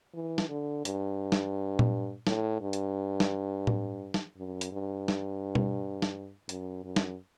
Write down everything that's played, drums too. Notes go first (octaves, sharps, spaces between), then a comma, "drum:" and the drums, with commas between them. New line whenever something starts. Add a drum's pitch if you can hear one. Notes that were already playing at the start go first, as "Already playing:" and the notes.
E3
drum: snare
D3
G2, drum: hi-hat
drum: snare
drum: tom A#2
A2, drum: snare
G2
drum: hi-hat
drum: snare
drum: tom A2
drum: snare
F#2
drum: hi-hat
G2
drum: snare
drum: tom
drum: snare
F#2, drum: hi-hat
F#2
drum: snare